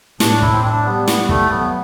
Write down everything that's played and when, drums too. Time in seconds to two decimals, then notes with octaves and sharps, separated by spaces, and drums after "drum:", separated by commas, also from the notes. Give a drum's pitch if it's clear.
0.20 A2 D4, drum: snare
0.42 E4, drum: kick
0.53 C4
0.64 D4
0.85 G3 B3
1.08 B3, drum: snare
1.29 A3, drum: kick
1.50 F#3 B3